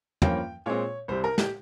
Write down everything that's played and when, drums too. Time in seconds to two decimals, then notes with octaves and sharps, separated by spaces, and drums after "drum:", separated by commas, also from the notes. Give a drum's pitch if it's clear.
0.22 G2 F3 A#3 C#4 G5, drum: tom
0.66 A#2 G#3 C4 C#5
1.08 C2 C3 G3 C5
1.24 A#4
1.38 G4, drum: snare